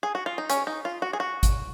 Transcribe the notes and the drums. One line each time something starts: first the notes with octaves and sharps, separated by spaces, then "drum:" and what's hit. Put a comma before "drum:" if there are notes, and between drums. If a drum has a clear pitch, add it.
G#4
F#4
F4
D#4
C#4, drum: hi-hat
D#4
F4
F#4
G#4
F#4
drum: kick G#1, hi-hat